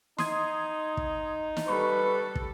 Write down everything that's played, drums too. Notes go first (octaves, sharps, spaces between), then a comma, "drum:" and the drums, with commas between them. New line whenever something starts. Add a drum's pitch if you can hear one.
D#4 C6 D#6 G#6, drum: snare
drum: kick
drum: snare
G3 A4 B4 C#6
drum: kick